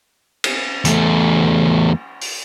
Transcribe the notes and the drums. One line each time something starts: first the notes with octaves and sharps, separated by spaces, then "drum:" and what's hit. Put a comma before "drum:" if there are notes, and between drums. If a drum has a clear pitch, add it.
drum: cymbal
E2 A3, drum: hi-hat
drum: open hi-hat